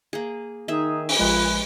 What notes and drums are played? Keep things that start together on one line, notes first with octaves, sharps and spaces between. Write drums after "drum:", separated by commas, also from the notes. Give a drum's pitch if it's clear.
A#3 G#4
D#3 D#4 G#4 E5
drum: open hi-hat
A#1 G#3 F4 B4